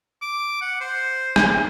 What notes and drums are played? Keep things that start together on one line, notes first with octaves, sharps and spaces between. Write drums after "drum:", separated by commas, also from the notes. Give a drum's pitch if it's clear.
D6
F#5
C5
drum: rim click